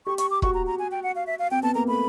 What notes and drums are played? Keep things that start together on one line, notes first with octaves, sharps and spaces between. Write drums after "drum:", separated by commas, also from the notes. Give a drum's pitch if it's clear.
G4 C#6
C#6, drum: hi-hat
D6
F#4 C#6, drum: kick
A#5
A#5
G#5
G5
F#5
F5
E5
F5
C4 G5
B3 A5
A#3 A#5
A3 B5